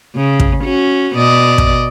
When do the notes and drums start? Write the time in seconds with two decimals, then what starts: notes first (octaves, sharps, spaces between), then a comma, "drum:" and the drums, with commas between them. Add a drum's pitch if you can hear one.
0.16 C#3
0.40 drum: kick
0.64 C#4 F#4
1.16 B2 D5 D#5
1.58 drum: kick